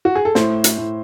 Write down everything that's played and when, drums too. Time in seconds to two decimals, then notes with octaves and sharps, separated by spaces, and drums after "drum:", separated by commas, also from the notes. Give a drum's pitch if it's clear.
0.05 F#4
0.15 G#4
0.25 A4
0.35 A2 C5, drum: snare
0.64 drum: hi-hat
0.78 A2